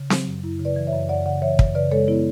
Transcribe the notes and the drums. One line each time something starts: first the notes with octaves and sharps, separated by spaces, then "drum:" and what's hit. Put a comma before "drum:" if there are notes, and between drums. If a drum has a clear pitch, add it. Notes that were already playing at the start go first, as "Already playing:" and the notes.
Already playing: C#3
F#3, drum: snare C4
F#2
F#2 E4
C#3
B4 D5
E3
C#5 E5
F#2
F#2 D5 F#5
C#3 D5 F#5
E3 C#5 E5
F#2, drum: kick
C#3 B4 D5
G#3 A4 C#5
B3 E4